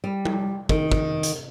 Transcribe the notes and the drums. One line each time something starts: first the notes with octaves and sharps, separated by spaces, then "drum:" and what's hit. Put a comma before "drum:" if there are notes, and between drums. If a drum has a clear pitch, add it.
G3
drum: tom G3
D#3, drum: kick
drum: kick
drum: hi-hat